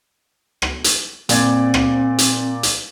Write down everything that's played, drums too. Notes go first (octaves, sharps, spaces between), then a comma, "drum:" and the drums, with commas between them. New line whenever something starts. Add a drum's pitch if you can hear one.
drum: rim click
drum: hi-hat
A#2 C4 D5 G#6, drum: hi-hat
drum: rim click
drum: hi-hat
drum: hi-hat